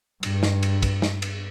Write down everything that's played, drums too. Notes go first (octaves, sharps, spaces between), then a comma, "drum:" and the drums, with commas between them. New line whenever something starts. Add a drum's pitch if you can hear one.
G2, drum: cymbal
drum: snare
drum: cymbal
drum: kick, cymbal
drum: snare
drum: cymbal